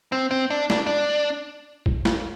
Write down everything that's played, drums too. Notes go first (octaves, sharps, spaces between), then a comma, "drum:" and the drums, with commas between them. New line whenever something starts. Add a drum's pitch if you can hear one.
C4
C4
D4
D4, drum: snare
D4
drum: kick A1
drum: snare